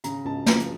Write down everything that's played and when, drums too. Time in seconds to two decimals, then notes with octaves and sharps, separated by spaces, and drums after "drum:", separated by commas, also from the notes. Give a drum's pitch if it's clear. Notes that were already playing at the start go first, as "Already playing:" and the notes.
0.04 C#3 A#5, drum: hi-hat
0.25 C#2 A5
0.46 F3 A#5, drum: snare
0.60 drum: hi-hat